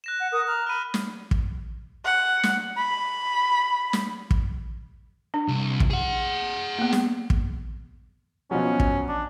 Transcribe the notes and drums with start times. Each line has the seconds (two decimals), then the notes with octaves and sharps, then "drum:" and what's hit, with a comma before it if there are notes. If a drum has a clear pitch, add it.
0.04 F#6 A#6 E7
0.19 F#5
0.32 A#4 D#6
0.46 A#5 F6
0.67 B5 F6 D#7
0.94 drum: snare
1.31 drum: kick
2.05 F#5
2.43 drum: snare
2.77 B5
3.93 drum: snare
4.31 drum: kick
5.34 D4
5.48 C2
5.80 drum: kick
5.90 G#4 F#5
6.78 A#3 B3
6.93 drum: snare
7.30 drum: kick
8.51 B2 F3 F#3 C#4
8.80 drum: kick
9.08 D4